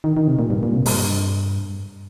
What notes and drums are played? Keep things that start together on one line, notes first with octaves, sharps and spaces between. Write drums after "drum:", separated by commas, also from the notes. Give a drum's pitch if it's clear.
D#3
D#3
C3
A#2
G2
A#2
C3
G2, drum: open hi-hat